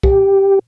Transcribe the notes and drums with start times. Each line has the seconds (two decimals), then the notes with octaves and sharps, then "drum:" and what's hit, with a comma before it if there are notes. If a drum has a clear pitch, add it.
0.03 G4, drum: kick